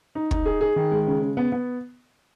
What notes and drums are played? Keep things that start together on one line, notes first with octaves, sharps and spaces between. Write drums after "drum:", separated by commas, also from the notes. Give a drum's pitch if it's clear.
D#4
D#4, drum: kick
G#4
G#4
D#3
G#3
C#3
C#3
B3
B3